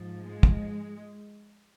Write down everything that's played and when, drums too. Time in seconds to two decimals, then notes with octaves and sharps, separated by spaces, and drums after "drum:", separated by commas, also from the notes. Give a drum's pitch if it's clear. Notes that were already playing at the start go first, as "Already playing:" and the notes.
Already playing: G#2 F3
0.21 G#3
0.43 drum: kick